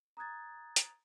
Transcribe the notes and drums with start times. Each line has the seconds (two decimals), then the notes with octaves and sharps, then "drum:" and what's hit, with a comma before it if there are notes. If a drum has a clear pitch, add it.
0.17 A#5 D#6 F#6 G#6 A6
0.76 drum: hi-hat